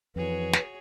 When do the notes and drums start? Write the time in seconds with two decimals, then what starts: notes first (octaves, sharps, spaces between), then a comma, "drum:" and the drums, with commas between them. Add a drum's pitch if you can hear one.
0.16 F2 E3 F#4 G#4 B4 C#5
0.53 drum: snare